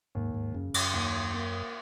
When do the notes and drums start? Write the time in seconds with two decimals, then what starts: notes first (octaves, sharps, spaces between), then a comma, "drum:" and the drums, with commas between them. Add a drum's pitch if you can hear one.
0.15 D#2 G#2
0.34 G#2
0.54 F#2 C#3
0.74 F#2, drum: cymbal
0.94 D#2
1.34 A#3